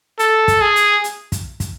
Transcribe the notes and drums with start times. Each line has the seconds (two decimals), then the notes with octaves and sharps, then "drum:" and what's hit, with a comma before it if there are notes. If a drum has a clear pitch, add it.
0.19 A4, drum: hi-hat
0.48 drum: kick, hi-hat
0.61 G#4
0.76 drum: hi-hat
1.04 drum: hi-hat
1.32 drum: kick, hi-hat
1.60 drum: kick, hi-hat